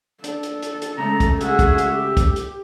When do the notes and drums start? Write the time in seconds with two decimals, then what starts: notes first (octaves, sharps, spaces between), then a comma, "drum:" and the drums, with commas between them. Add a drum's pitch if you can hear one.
0.24 D4 A4, drum: hi-hat
0.43 drum: hi-hat
0.62 drum: hi-hat
0.82 drum: hi-hat
0.98 C#3 G#3 A3 A#5
1.20 drum: kick, hi-hat
1.41 F#4 G#4 E5, drum: hi-hat
1.59 drum: kick, hi-hat
1.78 drum: hi-hat
1.91 G4
2.17 drum: kick, hi-hat
2.36 drum: hi-hat